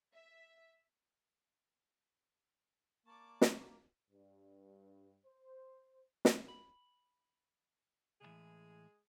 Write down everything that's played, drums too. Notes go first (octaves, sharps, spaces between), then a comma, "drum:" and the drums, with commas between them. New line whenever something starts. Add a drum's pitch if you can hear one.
E5
A#3 D5 A5 C#6
drum: snare
G2
C5
drum: snare
B5
C#2 A2 E3 G#3 G#4